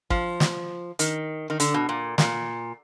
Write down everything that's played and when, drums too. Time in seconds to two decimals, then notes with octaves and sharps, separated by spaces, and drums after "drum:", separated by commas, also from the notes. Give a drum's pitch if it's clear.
0.10 F3, drum: kick
0.40 drum: snare
0.99 D#3, drum: hi-hat
1.50 D#3
1.60 D3, drum: hi-hat
1.74 B2
1.89 A#2
2.18 A#2, drum: snare